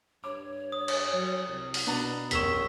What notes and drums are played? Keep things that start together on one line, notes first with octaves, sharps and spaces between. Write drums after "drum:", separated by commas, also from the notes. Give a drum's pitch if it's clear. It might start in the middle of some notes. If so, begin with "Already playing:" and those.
G2 C#5 D6
D#6
drum: cymbal
F#3
C2
drum: open hi-hat
B2 B3 D4 A#5
D1 A1 A#4 C#6 E6 B6 E7, drum: hi-hat